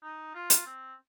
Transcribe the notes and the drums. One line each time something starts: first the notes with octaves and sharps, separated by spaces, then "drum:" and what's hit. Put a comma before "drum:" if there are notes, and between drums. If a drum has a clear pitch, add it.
D#4
F4
drum: hi-hat
C4